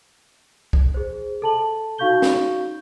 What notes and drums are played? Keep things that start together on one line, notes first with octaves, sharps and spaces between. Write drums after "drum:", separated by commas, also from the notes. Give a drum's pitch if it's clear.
drum: kick
G#4 C5
A4 A5 F#7
D#4 F#4 F5 C#6 G6 G7
drum: snare